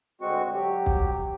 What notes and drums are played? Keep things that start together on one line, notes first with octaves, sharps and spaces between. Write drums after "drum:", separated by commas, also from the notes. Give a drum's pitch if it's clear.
D2 G#3 C4 F#4 C#6
F#3 G4
drum: kick